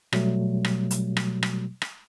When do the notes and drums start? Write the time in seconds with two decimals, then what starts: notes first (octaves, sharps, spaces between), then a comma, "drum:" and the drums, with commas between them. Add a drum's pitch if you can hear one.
0.13 B2 F#3 G3 A3, drum: rim click
0.65 drum: rim click
0.91 drum: hi-hat
1.17 drum: rim click
1.43 drum: rim click
1.82 drum: rim click